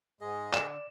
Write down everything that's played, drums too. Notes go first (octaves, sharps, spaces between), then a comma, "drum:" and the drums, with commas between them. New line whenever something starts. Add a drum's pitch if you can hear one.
G#2 G#3 G#4 D#5
D3 D5 D6 E7, drum: clap